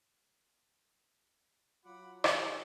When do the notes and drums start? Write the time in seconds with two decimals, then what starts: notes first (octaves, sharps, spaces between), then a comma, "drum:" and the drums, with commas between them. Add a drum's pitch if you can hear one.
1.85 F#3 F4 F#5 B5 D6
2.24 E3 G4 C#5 G#5, drum: rim click